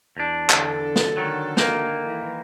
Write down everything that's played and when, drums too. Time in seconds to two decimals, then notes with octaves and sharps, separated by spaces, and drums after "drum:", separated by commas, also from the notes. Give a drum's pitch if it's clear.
0.17 E2 D4
0.50 D3 A4, drum: clap
0.96 drum: snare
1.17 D#3 F#3
1.57 D#3 A#3, drum: snare
2.07 E3